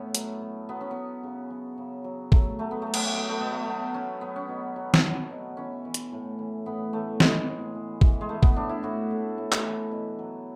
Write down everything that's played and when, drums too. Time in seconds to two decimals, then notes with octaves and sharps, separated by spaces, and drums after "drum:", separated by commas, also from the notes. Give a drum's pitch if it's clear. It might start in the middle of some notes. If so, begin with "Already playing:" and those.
Already playing: A2 A3 B3 C#4
0.15 F#3, drum: hi-hat
0.41 F#3
0.69 F#3 B3
0.81 C#4
0.91 B3
0.96 F#3
1.23 C#3
1.50 F#3
1.78 C#3
2.04 F#3
2.32 F#3 A3, drum: kick A1
2.59 F#3 A3
2.71 B3
2.82 F#3 A3
2.94 B3, drum: cymbal
3.05 A3
3.13 F#3 B3
3.29 A3
3.40 B2 B3
3.52 A3
3.67 F#3
3.94 F#3 C#4
4.21 F#3 B3
4.36 C#4
4.49 B2
4.76 F#3
4.94 drum: snare
5.04 F#3
5.30 B2
5.57 E3 C#4
5.85 E3
5.94 drum: hi-hat
6.12 A2
6.39 E3
6.66 A2 B3
6.93 E3 A3
7.20 E3 G#3, drum: snare
7.47 A2
7.75 E3
8.01 E3, drum: kick A1
8.21 G#3
8.29 E3 A3
8.43 B3, drum: kick A1
8.56 A2 D4
8.69 E4
8.83 A2 F#4
9.11 A2
9.38 A2
9.52 drum: clap
9.64 E3
9.91 B2
10.19 F#3